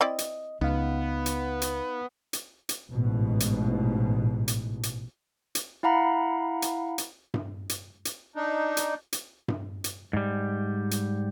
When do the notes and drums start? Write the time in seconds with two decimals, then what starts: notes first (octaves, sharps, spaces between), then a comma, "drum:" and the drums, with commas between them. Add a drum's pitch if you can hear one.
0.01 C4 E4 D5 D#5
0.18 drum: hi-hat
0.61 C#2 B3 D#4 F5
1.26 drum: hi-hat
1.62 drum: hi-hat
2.33 drum: hi-hat
2.69 drum: hi-hat
2.89 A1 G#2 B2
3.40 drum: hi-hat
4.48 drum: hi-hat
4.83 drum: hi-hat
5.55 drum: hi-hat
5.83 E4 F5 F#5 A#5 B5
6.62 drum: hi-hat
6.98 drum: hi-hat
7.34 drum: tom G2
7.69 drum: hi-hat
8.05 drum: hi-hat
8.36 D4 D#4
8.77 drum: hi-hat
9.13 drum: hi-hat
9.48 drum: tom G2
9.84 drum: hi-hat
10.13 G#2 G3
10.91 drum: hi-hat